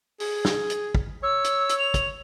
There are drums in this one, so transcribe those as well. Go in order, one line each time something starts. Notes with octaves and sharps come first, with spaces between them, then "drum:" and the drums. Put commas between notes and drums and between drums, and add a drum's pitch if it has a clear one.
G#4, drum: open hi-hat
drum: snare
drum: hi-hat
drum: kick
C#5 E6
drum: hi-hat
drum: hi-hat
F7
drum: kick, hi-hat